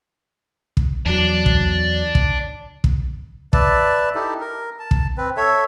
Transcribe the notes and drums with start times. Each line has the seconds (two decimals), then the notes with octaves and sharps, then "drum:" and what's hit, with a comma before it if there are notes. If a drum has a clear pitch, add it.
0.77 drum: kick
1.06 E2 F#3 D5 A5
1.46 drum: kick
2.15 drum: kick
2.84 drum: kick
3.53 B4 D5 E5 A5, drum: kick
4.15 D#4 E4 G4 A4
4.41 A#4
4.79 A5
4.91 drum: kick
5.18 C4 B4
5.37 A4 C#5 E5